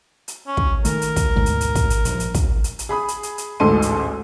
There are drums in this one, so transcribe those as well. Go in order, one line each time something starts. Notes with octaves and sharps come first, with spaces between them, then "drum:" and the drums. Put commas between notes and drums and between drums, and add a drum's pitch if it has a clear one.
drum: hi-hat
C#4
drum: kick
D#3 A3 A#4, drum: hi-hat
drum: hi-hat
drum: kick, hi-hat
D2 G#2 B2
drum: hi-hat
drum: hi-hat
drum: kick, hi-hat
drum: hi-hat
A#1 G2, drum: hi-hat
drum: hi-hat
drum: kick, hi-hat
drum: hi-hat
drum: hi-hat
G#4 B5 D#6
drum: hi-hat
drum: hi-hat
drum: hi-hat
A1 D2 G#2 A4 C6 D#7
drum: hi-hat